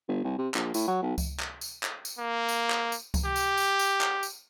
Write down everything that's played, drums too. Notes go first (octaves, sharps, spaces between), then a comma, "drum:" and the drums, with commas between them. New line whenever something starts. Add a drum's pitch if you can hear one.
G1
C2
C3
A#1, drum: clap
A2, drum: tambourine
F#3
B1
drum: kick C#2, tambourine
drum: clap
drum: tambourine
drum: clap
drum: tambourine
A#3
drum: tambourine
drum: clap
drum: tambourine
drum: kick C#2, tambourine
G4
drum: tambourine
drum: tambourine
drum: tambourine
drum: clap
drum: tambourine